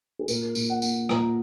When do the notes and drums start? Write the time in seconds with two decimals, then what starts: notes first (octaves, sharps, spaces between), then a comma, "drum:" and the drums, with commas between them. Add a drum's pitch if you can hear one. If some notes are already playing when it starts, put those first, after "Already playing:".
0.19 G#4
0.28 A#2 A#4, drum: tambourine
0.55 A#2, drum: tambourine
0.70 F#5
0.82 A#3, drum: tambourine
1.09 A#2 A#5, drum: rim click